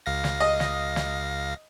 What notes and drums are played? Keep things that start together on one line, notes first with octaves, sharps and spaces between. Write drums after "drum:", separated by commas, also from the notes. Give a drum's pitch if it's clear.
C#2 F5 A#6
drum: snare
D#5
drum: snare
drum: snare